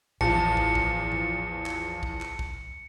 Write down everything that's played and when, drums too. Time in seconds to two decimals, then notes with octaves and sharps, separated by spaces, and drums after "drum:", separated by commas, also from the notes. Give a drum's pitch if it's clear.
0.21 A1 E2 F3 A5 C#7, drum: kick
0.57 drum: kick
0.75 drum: kick
1.12 drum: tom G#2
1.66 drum: clap
2.03 drum: kick
2.21 drum: clap
2.39 drum: kick